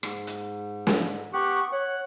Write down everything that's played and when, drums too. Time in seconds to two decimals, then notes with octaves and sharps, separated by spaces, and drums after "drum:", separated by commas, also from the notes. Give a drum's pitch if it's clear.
0.03 G#2, drum: rim click
0.27 drum: hi-hat
0.87 drum: snare
1.33 B3 G4 F#5 C#6
1.72 C#5 F#5